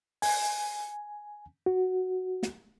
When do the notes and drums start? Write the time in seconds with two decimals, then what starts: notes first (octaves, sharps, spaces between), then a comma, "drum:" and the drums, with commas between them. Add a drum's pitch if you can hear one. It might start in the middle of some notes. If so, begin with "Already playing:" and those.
0.22 G#5, drum: open hi-hat
1.66 F#4
2.43 drum: snare